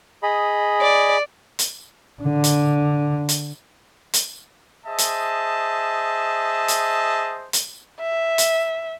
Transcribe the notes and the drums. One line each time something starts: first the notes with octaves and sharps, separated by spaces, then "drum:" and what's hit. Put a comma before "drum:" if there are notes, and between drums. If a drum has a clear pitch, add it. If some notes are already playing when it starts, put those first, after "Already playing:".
G#4 D#5 B5
D5
drum: hi-hat
D3
drum: hi-hat
drum: hi-hat
drum: hi-hat
G#4 C5 D#5 E5 A5
drum: hi-hat
drum: hi-hat
drum: hi-hat
E5
drum: hi-hat